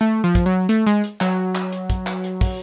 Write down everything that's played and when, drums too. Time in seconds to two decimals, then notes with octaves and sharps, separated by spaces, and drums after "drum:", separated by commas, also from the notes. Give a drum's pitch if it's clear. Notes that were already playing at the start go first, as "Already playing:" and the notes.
0.01 A3
0.24 F3
0.35 drum: kick, hi-hat
0.46 F#3
0.69 A3, drum: hi-hat
0.87 G#3, drum: hi-hat
1.04 drum: hi-hat
1.21 F#3, drum: clap
1.55 drum: clap
1.72 drum: hi-hat
1.90 drum: kick, hi-hat
2.07 drum: clap
2.24 drum: hi-hat
2.41 drum: kick, open hi-hat